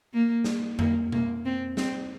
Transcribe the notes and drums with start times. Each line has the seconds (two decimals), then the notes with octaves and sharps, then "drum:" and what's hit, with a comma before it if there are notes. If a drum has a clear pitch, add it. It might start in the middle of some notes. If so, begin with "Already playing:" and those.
0.14 A#3
0.44 drum: snare
0.79 A#3, drum: tom F2
1.12 A#3, drum: tom B2
1.45 C4
1.77 C4, drum: snare